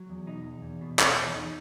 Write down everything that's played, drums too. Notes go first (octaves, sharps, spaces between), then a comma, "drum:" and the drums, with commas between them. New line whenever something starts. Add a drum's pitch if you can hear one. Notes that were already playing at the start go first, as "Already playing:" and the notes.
Already playing: F#3
E2
B2 D#4
E2
E2
B2
E2 C#4, drum: clap
E2
E2 D#4